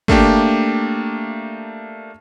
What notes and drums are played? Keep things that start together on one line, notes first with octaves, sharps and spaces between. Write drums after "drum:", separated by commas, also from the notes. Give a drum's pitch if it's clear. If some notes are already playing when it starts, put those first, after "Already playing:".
A3 A#3 D4 G4, drum: kick